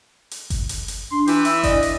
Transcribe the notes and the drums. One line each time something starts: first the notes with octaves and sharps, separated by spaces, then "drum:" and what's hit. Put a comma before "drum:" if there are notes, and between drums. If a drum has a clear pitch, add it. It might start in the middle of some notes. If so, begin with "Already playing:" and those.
drum: hi-hat
drum: kick G1, hi-hat
drum: hi-hat
drum: hi-hat
D4 C6
E3 G4, drum: hi-hat
E5, drum: hi-hat
D5 D#5, drum: kick G1, hi-hat
drum: hi-hat